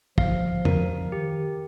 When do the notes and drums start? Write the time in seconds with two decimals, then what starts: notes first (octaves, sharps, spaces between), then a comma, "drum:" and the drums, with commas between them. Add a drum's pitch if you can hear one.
0.18 F3 F5, drum: kick
0.65 A#4, drum: tom
1.12 D#3 G4